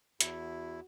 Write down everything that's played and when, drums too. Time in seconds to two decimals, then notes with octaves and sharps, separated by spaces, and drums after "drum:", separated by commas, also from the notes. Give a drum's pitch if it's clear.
0.21 E2 E4 F#4, drum: hi-hat